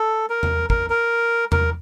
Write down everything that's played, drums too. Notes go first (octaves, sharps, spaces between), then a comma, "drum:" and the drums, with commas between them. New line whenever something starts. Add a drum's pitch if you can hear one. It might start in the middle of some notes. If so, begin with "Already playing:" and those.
Already playing: A4
A#4
drum: tom E2
A#4, drum: kick
A#4
A#4, drum: tom E2